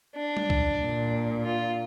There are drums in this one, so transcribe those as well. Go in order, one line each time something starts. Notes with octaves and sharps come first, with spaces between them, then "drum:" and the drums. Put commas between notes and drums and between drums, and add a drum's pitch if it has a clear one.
D4
drum: tom G3
drum: kick
A#2
F4